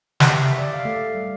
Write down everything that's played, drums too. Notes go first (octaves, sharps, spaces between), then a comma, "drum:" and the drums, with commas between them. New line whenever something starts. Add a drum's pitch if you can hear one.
G4, drum: snare
E5
E5
D5
F5
A3
G3